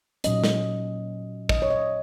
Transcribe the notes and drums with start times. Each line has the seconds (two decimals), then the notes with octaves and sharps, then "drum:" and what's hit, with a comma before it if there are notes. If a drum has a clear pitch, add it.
0.24 A#2 F#3 C#4 D#5, drum: hi-hat
0.44 drum: snare
1.49 D#5, drum: kick
1.62 C#5
1.70 D#5